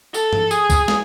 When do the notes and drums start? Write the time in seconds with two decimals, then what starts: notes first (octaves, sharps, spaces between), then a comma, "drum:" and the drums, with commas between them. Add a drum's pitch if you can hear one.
0.14 A4, drum: tambourine
0.33 drum: tom G2
0.51 G#4, drum: tambourine
0.70 drum: kick, tambourine
0.88 drum: snare